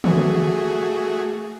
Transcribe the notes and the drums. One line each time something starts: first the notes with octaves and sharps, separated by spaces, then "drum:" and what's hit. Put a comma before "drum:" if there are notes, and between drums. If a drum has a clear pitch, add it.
A3 F#4 G#4, drum: tom